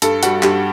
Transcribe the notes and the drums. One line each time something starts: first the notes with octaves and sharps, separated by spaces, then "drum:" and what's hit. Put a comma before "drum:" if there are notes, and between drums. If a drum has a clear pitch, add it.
G2 A4, drum: hi-hat
G3 F#4, drum: hi-hat
G2 G4, drum: clap